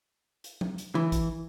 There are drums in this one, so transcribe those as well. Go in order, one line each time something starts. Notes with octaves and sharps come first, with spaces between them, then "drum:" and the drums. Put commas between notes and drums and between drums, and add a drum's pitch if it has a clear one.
drum: hi-hat
drum: tom F3
drum: hi-hat
E3
drum: kick, hi-hat